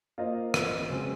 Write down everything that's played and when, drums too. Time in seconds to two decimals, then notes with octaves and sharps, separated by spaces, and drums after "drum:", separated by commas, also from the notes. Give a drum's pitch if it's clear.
0.18 A#3 F4 C5 D#5
0.54 drum: rim click
0.90 C#3 G#3 C4 F#4